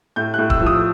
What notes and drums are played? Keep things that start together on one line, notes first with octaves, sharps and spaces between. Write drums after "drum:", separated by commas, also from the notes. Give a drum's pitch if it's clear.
A2 G6
A2 F#6
E6, drum: kick D1
F3
D#6